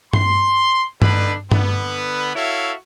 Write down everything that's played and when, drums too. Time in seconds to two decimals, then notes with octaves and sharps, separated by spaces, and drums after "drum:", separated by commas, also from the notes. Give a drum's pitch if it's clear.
0.13 C6, drum: tom G2
1.02 D3 D4 D#4 B4 D5 B5, drum: tom G2
1.51 D3 B3 B4, drum: tom G2
2.36 E4 F#4 A4 C#5 E5 F5